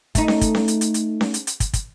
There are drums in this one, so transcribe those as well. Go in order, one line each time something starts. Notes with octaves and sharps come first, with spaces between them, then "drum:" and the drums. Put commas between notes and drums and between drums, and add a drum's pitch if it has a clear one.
A3 D#4, drum: kick, hi-hat
drum: snare C#4
drum: kick, hi-hat
drum: snare C#4
drum: hi-hat
drum: hi-hat
drum: hi-hat
drum: snare C#4
drum: hi-hat
drum: hi-hat
drum: kick, hi-hat
drum: kick, hi-hat